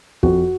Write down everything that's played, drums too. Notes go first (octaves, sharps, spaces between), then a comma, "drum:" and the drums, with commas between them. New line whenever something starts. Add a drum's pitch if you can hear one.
F2 F#4, drum: kick